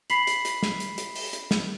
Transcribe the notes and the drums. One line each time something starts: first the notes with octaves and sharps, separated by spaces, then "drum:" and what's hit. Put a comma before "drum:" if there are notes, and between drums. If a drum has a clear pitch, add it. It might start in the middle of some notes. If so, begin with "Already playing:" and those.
B5 B6 C7 F#7, drum: hi-hat
drum: hi-hat
drum: hi-hat
drum: snare
drum: hi-hat
drum: hi-hat
drum: open hi-hat
drum: hi-hat
drum: snare